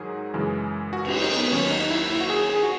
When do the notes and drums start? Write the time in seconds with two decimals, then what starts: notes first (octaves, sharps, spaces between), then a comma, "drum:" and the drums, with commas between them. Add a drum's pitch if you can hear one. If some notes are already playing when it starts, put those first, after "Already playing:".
Already playing: G#2 D#3 F#3 G#4
0.34 F#2 C#3 E3 G#3
0.93 F#4
1.05 drum: cymbal
1.22 D#4
1.37 B3
1.51 D#2 D#3 F#3 C#4
1.71 D#4
1.90 E4
2.10 E4
2.21 F#4
2.30 G#4
2.49 G#4
2.63 F#4